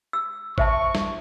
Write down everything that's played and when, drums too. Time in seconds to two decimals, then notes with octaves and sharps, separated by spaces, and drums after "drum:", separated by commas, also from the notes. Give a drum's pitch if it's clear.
0.13 E6
0.58 C5 E5 A5 C#6, drum: kick G#1
0.95 drum: snare